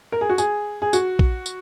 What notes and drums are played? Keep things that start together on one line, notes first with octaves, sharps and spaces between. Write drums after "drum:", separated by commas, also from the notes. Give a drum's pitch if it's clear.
A#4
G#4
F#4
G#4, drum: tambourine
G#4
F#4, drum: tambourine
drum: kick A#1
drum: tambourine